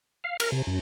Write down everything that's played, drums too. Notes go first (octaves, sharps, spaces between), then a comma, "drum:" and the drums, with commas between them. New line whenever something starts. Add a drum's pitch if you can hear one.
F5
A#4, drum: cymbal
C3
F#2